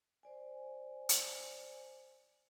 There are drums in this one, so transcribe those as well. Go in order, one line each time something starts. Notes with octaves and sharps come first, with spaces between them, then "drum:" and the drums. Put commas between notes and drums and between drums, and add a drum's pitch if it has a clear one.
C5 D5 G#5
drum: hi-hat